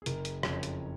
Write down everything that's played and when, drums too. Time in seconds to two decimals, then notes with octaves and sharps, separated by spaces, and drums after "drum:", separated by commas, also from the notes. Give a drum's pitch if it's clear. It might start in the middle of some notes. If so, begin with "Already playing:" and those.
0.02 G#4
0.06 F#1 A#4, drum: hi-hat
0.25 drum: hi-hat
0.43 F2 C#3 C#5, drum: rim click
0.63 drum: hi-hat